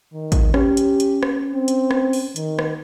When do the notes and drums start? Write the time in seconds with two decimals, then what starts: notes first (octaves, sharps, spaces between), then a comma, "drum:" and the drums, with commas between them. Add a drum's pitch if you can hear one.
0.13 D#3
0.32 drum: kick G#1, hi-hat
0.54 C#4 G4, drum: rim click
0.77 drum: hi-hat
1.00 drum: hi-hat
1.23 drum: rim click
1.54 C4
1.68 drum: hi-hat
1.91 drum: rim click
2.13 drum: open hi-hat
2.36 D#3, drum: hi-hat
2.59 drum: rim click